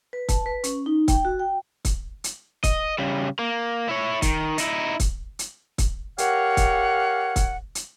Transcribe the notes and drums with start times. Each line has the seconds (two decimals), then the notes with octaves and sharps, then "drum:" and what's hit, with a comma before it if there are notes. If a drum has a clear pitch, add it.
0.13 B4
0.29 A5, drum: kick, hi-hat
0.46 B4
0.64 C#4, drum: hi-hat
0.86 D#4
1.08 G5, drum: kick, hi-hat
1.25 F#4
1.39 G5
1.85 drum: kick, hi-hat
2.24 drum: hi-hat
2.63 D#5, drum: kick, hi-hat
2.98 C#3 G3
3.39 A#3
3.89 E4 C#5
4.22 D#3, drum: kick, hi-hat
4.58 D#4 E4, drum: hi-hat
5.00 drum: kick, hi-hat
5.39 drum: hi-hat
5.78 drum: kick, hi-hat
6.18 G4 A#4 C#5 F5 F#5, drum: hi-hat
6.57 drum: kick, hi-hat
7.36 drum: kick, hi-hat
7.75 drum: hi-hat